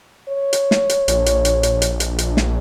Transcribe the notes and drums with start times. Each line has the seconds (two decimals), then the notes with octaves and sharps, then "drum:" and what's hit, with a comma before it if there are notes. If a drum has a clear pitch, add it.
0.29 C#5
0.53 drum: hi-hat
0.71 drum: snare
0.89 drum: hi-hat
1.08 A#1, drum: hi-hat
1.26 drum: hi-hat
1.45 drum: hi-hat
1.63 drum: hi-hat
1.82 drum: hi-hat
2.00 drum: hi-hat
2.18 drum: hi-hat
2.37 drum: snare